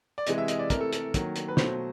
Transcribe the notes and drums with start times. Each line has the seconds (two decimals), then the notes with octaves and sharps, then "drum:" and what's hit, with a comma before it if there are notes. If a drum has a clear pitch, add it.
0.18 D5
0.27 C3 E3 G#3 D#5, drum: hi-hat
0.38 E5
0.48 D#5, drum: hi-hat
0.59 D5
0.70 C3 E3 A3 A#4, drum: kick, hi-hat
0.81 A4
0.93 A4, drum: hi-hat
1.14 D#3 F#3 A#3, drum: kick, hi-hat
1.36 drum: hi-hat
1.48 B4
1.57 B2 F#3 A3 C5, drum: snare